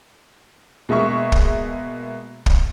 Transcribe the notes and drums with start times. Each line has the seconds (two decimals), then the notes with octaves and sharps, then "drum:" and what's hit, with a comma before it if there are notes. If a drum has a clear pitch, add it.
0.89 B2 G#3 A#3 E5 C#6
1.32 drum: kick
2.46 drum: kick